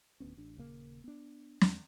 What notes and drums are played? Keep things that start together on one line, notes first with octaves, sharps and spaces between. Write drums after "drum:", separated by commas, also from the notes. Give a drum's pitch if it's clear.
D1 D2 B3 C#4
A1 D4
D#1 C#3 A#3
B3 D4
E2 G#3 C4, drum: snare